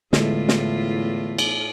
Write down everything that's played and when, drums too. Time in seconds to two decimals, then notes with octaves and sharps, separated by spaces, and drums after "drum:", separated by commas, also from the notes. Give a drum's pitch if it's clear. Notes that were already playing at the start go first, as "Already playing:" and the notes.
0.13 E2 A2 D3 G#3 A3 F4, drum: snare
0.48 drum: snare
1.38 drum: cymbal